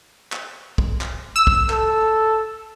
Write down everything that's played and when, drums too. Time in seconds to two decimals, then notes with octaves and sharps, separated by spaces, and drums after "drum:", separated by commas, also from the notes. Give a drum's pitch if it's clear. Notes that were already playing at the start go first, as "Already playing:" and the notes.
0.32 drum: clap
0.78 drum: kick
1.01 drum: clap
1.36 E6
1.47 drum: kick
1.70 A4, drum: clap